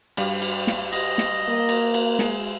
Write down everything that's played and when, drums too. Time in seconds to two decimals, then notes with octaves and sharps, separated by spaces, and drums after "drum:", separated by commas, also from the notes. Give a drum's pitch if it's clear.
0.17 G2 G3 F5, drum: cymbal
0.42 drum: cymbal
0.67 drum: snare
0.93 D#5, drum: cymbal
1.18 drum: snare
1.49 A#3
1.69 drum: cymbal
1.94 drum: cymbal
2.19 G#3, drum: snare